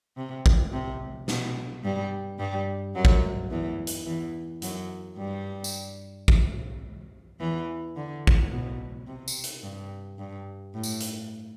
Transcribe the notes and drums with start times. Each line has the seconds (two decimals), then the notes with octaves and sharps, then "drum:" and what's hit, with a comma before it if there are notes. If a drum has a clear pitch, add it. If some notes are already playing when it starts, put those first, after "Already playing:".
0.17 C3
0.46 drum: kick G#1
0.72 C3
1.28 B2, drum: snare
1.84 G2 G3
2.39 G2 G3
2.95 F#2 F#3
3.05 drum: kick G#1
3.51 E2 E3
3.87 drum: hi-hat
4.06 E2 E3
4.62 F#2 F#3, drum: hi-hat
5.18 G2 G3
5.64 drum: tambourine
6.28 drum: kick G#1
7.40 E2 E3
7.96 D3
8.27 drum: kick G#1
8.52 B2
9.07 C3
9.28 drum: tambourine
9.44 drum: hi-hat
9.63 G2
10.19 G2
10.74 A2
10.83 drum: tambourine
11.00 drum: hi-hat